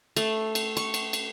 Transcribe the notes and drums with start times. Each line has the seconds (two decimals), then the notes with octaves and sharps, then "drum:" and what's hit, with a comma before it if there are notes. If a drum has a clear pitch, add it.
0.17 A3, drum: cymbal
0.55 drum: cymbal
0.77 C#6, drum: cymbal
0.94 drum: cymbal
1.13 drum: cymbal